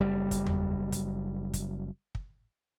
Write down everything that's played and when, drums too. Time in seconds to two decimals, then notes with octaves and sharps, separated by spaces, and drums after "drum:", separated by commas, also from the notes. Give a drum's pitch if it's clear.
0.01 F#1 G3
0.31 drum: kick, hi-hat
0.46 drum: tom E2
0.92 drum: kick, hi-hat
1.54 drum: kick, hi-hat
2.15 drum: kick